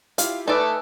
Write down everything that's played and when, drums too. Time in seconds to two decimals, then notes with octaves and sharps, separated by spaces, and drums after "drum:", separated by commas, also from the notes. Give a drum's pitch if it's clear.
0.18 E4 F4 G4 F5, drum: hi-hat
0.48 A3 D#4 B4 D5 G#5 A5 D#6 E6